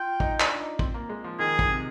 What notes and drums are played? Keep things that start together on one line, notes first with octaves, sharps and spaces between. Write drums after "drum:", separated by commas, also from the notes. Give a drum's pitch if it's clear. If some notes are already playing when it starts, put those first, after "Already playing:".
Already playing: F4 G5
D#4, drum: kick
D4, drum: clap
D#4
C4, drum: kick
A#3
G#3
F3
D#3 G#4
drum: kick
C3